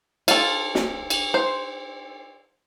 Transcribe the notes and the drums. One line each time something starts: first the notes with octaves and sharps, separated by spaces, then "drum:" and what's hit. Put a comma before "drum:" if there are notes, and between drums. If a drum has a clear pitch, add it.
F4 A4, drum: cymbal
drum: snare
drum: cymbal
C5